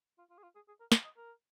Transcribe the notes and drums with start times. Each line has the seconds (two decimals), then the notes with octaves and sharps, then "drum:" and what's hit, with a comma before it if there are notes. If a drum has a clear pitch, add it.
0.19 F4
0.30 F4
0.38 G#4
0.43 F4
0.55 G#4
0.68 G#4
0.80 A#4
0.92 F5, drum: snare
1.04 D#5
1.17 A#4